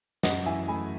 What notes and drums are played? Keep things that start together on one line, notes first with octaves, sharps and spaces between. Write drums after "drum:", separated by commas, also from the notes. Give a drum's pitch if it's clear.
F#2 D#5 F#5, drum: snare
E3 E5 G#5
A3 G#5 B5